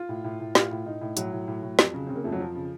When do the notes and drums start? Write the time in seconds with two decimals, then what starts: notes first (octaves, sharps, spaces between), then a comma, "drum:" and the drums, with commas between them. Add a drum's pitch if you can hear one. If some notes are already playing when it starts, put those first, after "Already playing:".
Already playing: F4
0.09 A2
0.24 A2
0.40 A2
0.55 A2 F4, drum: snare
0.71 A2
0.85 A2 D#4
1.01 A2
1.17 A2 F#3, drum: hi-hat
1.32 A2
1.48 A2
1.63 A2
1.79 F2, drum: snare
1.94 C#3
2.07 C#3 C4
2.16 A#3
2.24 F2 A3
2.32 F#3
2.40 F2 F3
2.55 C#3